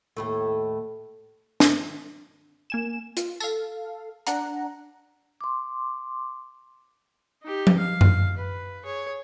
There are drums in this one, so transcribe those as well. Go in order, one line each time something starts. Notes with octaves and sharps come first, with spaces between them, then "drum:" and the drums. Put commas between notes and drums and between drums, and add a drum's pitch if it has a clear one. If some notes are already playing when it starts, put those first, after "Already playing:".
D#2 A2 A3
drum: snare
A#3 G#5 E7
F4, drum: hi-hat
A4 F5, drum: tambourine
D4 F#5 A#5, drum: hi-hat
C6 D6
D#4 G4
drum: tom F3
F5
drum: tom F#2
B4
G#4 C#5